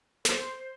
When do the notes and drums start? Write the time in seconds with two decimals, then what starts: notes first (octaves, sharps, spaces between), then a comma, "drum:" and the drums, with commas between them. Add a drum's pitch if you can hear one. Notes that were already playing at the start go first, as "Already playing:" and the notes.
0.25 C5, drum: snare